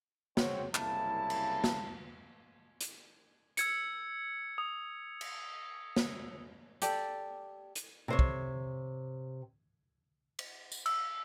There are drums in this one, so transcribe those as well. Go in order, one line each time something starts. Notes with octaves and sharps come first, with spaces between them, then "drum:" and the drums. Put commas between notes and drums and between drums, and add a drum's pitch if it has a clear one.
C#3 C4 F#4 C#5, drum: snare
F#1 C2 C#3 A#3 E4 A5, drum: clap
drum: cymbal
drum: snare
drum: hi-hat
E6 G#6 C#7, drum: hi-hat
D#6
drum: cymbal
drum: snare
G4 A4 D5, drum: hi-hat
drum: hi-hat
C3 C5 C#5
drum: kick
drum: cymbal
drum: tambourine
E6, drum: cymbal